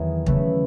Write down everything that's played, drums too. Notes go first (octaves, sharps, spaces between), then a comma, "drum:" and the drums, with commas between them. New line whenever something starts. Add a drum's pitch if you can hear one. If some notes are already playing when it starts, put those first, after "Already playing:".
Already playing: E2 D#3 F#3
C#3 F#3 A3 E4 B4, drum: kick